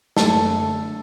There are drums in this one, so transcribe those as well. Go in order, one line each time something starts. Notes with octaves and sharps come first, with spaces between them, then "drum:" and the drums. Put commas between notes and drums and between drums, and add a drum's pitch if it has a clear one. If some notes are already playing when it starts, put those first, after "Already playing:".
F#1 A3 A4, drum: snare
D3